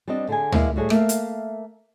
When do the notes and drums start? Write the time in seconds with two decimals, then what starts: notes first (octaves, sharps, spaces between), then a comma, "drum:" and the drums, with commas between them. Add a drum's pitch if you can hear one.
0.08 G3 B3 C4 D4 D#5
0.29 D3 G#4 G#5
0.52 G#3 A#3 B3 E4 D5 F5, drum: tom
0.76 A2 G3 F#4 G#4 A4
0.90 A3 A#3 E5 F5, drum: rim click
1.09 drum: hi-hat